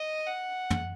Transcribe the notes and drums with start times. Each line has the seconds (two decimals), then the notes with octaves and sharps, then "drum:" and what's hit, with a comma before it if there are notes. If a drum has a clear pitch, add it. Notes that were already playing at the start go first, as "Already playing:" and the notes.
Already playing: D#5
0.27 F#5
0.70 drum: tom